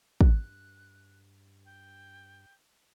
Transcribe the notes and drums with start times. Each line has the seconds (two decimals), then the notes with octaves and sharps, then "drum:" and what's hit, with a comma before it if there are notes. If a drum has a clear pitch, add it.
0.21 G2 F#6, drum: kick
1.65 G5